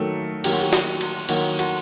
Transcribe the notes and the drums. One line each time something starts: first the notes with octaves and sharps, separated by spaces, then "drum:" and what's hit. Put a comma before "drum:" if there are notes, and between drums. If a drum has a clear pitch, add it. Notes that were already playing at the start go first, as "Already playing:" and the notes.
Already playing: D#3 F#3 A3 A#3
D#3 F#3 A#3 G4, drum: cymbal
F#4
G4
drum: snare
drum: cymbal
D#3 F#3 A#3 F#4, drum: cymbal
F#4, drum: cymbal